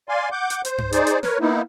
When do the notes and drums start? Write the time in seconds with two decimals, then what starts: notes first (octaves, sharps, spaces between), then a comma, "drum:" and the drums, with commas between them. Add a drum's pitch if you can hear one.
0.09 D5 F5 G#5 C6
0.32 F#5 D6 G6
0.50 drum: hi-hat
0.65 C5, drum: hi-hat
0.78 drum: tom G2
0.92 D#4 G#4 C5 D5, drum: hi-hat
1.07 drum: hi-hat
1.23 A#4 B4 C#5, drum: snare
1.40 A#3 B3 D#4 E4